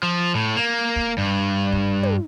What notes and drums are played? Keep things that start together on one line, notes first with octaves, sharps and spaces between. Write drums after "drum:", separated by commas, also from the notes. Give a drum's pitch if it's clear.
F3
A2
A#3
drum: kick
G2
drum: kick
drum: tom